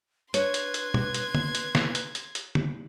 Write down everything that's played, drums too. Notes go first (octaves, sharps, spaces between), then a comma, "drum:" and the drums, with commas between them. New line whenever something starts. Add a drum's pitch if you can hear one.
D4 B4 C#5 C6 G#6, drum: hi-hat
drum: hi-hat
drum: hi-hat
drum: tom B2
drum: hi-hat
drum: tom D3
drum: hi-hat
drum: snare
drum: hi-hat
drum: hi-hat
drum: hi-hat
drum: tom D3